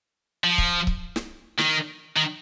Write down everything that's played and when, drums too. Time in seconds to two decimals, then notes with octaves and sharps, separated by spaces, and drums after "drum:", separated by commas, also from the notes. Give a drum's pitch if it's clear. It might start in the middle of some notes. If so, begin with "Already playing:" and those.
0.44 F3
0.58 drum: kick C#1
0.87 drum: kick C#1
1.16 drum: snare
1.59 D#3, drum: snare
2.16 D#3